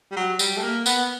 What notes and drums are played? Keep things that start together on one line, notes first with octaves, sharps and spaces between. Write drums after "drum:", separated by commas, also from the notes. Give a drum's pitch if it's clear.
G3
F#3
G3, drum: tambourine
A3
A#3
B3, drum: tambourine